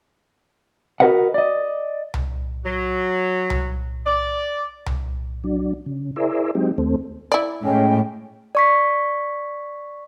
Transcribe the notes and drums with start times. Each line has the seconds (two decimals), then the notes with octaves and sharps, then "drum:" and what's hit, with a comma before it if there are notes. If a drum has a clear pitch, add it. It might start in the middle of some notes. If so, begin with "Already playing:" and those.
1.00 F#4 G#4 A#4 B4 D#5 F#5
1.34 D5 D#5
2.14 drum: tom C2
2.65 F#3
3.50 drum: tom C2
4.06 D5
4.86 drum: tom C2
5.44 F#3 D4
5.86 C#3
6.16 E4 G#4 A#4 C5 D5 E5
6.55 F#3 G#3 C4 D#4 G4
6.78 D#2 A3 C4
7.32 E4 D5
7.64 A2 G#3 C#4 G5
8.55 D5 C#6 B6